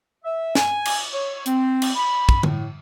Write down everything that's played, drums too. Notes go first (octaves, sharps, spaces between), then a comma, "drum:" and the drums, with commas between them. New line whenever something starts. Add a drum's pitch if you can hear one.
E5
G#5, drum: snare
drum: cymbal
C#5
C4, drum: hi-hat
drum: cymbal
B5
drum: kick
A2, drum: tom D3